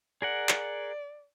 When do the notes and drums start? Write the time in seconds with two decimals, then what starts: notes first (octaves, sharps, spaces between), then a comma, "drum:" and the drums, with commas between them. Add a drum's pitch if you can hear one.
0.22 G#4 A#4 D5 F#5
0.49 drum: clap